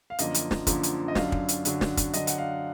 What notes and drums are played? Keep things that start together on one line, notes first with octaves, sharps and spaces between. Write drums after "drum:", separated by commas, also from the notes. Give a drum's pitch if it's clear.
F5
F#2 D3 F3 A#3 D#5, drum: hi-hat
drum: hi-hat
drum: snare
F#2 D3 F3 A#3, drum: kick, hi-hat
drum: hi-hat
D#5
F#2 D3 F#3 D4 F5, drum: snare
drum: kick
drum: hi-hat
F#2 D3 F#3 D4, drum: hi-hat
drum: snare
drum: kick, hi-hat
D3 F#3 D4 D#5, drum: hi-hat
F#5, drum: hi-hat
F5